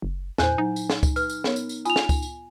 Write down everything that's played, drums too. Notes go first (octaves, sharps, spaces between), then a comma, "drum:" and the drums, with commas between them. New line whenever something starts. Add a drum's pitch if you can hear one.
F#1
E2 A#2 E4 C5 G#5 F#6 G6, drum: snare
F#3 D#4
drum: tambourine
drum: snare
drum: kick C#2, tambourine
B4 F6, drum: tambourine
drum: tambourine
B3 A#4 C#5, drum: snare
drum: tambourine
drum: tambourine
F4 G#5 B5 D#6 F7, drum: tambourine
drum: snare
drum: kick C#2, tambourine
drum: tambourine